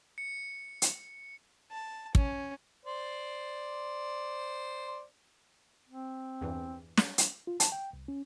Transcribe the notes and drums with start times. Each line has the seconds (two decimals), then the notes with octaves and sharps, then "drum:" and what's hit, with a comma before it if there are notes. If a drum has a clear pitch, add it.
0.18 C#7
0.82 drum: hi-hat
1.71 A5
2.15 C#4, drum: kick
2.85 C5 D5
5.89 C4
6.41 E2 G2 E3
6.97 drum: snare
7.18 drum: hi-hat
7.47 F4
7.60 A5, drum: hi-hat
7.72 G5
7.93 C2
8.08 C#4